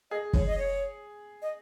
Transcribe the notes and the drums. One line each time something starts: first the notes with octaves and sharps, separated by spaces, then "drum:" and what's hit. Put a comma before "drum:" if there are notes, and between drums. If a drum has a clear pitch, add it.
G#4 D#5
C#5, drum: kick F#1
D#5
C#5
D#5